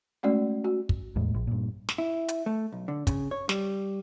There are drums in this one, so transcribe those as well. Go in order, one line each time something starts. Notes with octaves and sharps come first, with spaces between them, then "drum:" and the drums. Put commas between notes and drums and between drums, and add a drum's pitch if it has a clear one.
G#3 A3 C#4 F#4 D5
F#4
drum: kick
E2 A2 G#3 A#3
A#1
G2 A#2
drum: snare
E4
drum: hi-hat
A3
B1
D3
C#3, drum: kick, hi-hat
C#5
G3, drum: snare